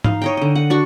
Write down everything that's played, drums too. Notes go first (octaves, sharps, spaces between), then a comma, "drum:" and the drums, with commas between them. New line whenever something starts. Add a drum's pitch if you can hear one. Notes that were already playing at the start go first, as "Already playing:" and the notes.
D#4 F5, drum: tom G#2
C#5 D#5 G5
D3 D#5
F#5
D4 F#4 C#6